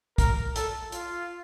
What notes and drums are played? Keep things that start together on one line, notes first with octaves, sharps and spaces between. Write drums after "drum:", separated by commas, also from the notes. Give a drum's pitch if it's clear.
A#4, drum: kick, hi-hat
A4, drum: hi-hat
F4, drum: hi-hat